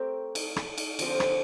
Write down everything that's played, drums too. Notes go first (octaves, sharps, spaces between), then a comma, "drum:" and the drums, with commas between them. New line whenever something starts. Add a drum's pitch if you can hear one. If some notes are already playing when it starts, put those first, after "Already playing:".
Already playing: A3 C4 G4 A#4
drum: cymbal
drum: rim click
drum: cymbal
D3 F3 C4 G4, drum: cymbal
drum: rim click